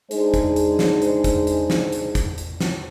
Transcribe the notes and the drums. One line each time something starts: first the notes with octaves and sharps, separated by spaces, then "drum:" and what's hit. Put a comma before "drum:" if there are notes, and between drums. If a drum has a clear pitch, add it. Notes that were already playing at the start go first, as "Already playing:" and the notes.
G#3 D4 D#4 G#4 C5, drum: hi-hat
drum: kick, hi-hat
drum: hi-hat
drum: snare
drum: hi-hat
drum: kick, hi-hat
drum: hi-hat
drum: snare
drum: hi-hat
drum: kick, hi-hat
drum: hi-hat
drum: snare